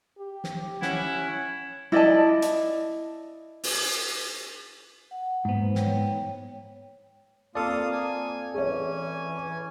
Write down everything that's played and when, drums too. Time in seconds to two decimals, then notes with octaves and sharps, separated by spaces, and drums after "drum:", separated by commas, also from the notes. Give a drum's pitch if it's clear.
0.19 G4
0.44 drum: snare
0.82 C#4 E4 F#5, drum: snare
1.92 E4 D5 D#5 A5
2.42 drum: hi-hat
3.63 drum: open hi-hat
5.11 F#5
5.45 G#2 A#3 B3 C5
5.75 C#5 G5, drum: snare
7.55 A#3 C4 F4 A4 D5 F5 A5 D#6
7.92 G#5
8.54 E3 C#4 G#4 C#5 G#5